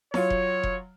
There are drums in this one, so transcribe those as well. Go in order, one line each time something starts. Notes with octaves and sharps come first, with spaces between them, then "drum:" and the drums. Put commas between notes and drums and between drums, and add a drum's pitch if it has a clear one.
F#3 F4 C#5, drum: snare E4
drum: kick F1
drum: kick F1